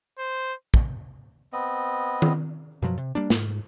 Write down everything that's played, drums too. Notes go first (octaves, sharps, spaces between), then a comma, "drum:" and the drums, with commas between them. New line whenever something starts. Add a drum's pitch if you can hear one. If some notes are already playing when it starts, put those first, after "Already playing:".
C5
drum: kick
B3 C4 D#5
drum: tom D#3
F#2 B2 F3 F#3
C3
G3 A#3 D4
G#2, drum: snare